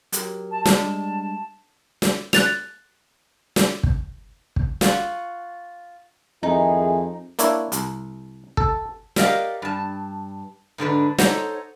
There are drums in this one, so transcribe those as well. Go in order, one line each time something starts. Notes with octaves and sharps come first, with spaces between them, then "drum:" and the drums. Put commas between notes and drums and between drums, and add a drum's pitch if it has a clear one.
F#3 G4 A#4, drum: hi-hat
A5
G3 G#3 D4 A5, drum: snare
drum: snare
F#6 A6 F7, drum: snare
drum: snare
drum: kick
drum: kick
F4 F#5 C#6, drum: snare
F2 D#3 D#4 E4 G#4
A#3 D4 E4 C#5, drum: hi-hat
C2, drum: hi-hat
A4, drum: kick
G4 A#4 D5 D#5 F5 F#5, drum: snare
G2 A5
G#2 D3 D4 B4
D#4 A4 C5 C#5 D#5 F#5, drum: snare